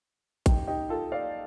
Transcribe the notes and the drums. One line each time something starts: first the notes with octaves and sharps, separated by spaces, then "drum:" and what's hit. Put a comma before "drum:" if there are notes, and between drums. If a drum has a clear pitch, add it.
D#4 G4, drum: kick A#1, hi-hat
D#4 G4
F4 A4
D5 F5